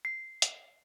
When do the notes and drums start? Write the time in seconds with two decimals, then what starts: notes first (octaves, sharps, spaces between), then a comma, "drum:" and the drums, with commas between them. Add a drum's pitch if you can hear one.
0.05 C7
0.42 drum: hi-hat